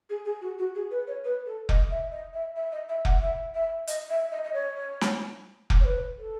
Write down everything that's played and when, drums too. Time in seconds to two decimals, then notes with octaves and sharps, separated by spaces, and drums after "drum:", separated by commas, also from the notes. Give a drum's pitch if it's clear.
0.10 G#4
0.25 G#4
0.41 F#4
0.59 F#4
0.75 G#4
0.91 B4
1.07 C#5
1.24 B4
1.46 A4
1.69 D#5, drum: kick F1
1.91 E5
2.12 D#5
2.34 E5
2.56 E5
2.72 D#5
2.89 E5
3.05 F#5, drum: kick F1
3.21 E5
3.54 E5
3.87 D#5, drum: hi-hat
4.10 E5
4.32 D#5
4.44 D#5
4.54 C#5
5.01 drum: snare
5.70 drum: kick F1
5.80 C#5
5.85 B4
6.19 A4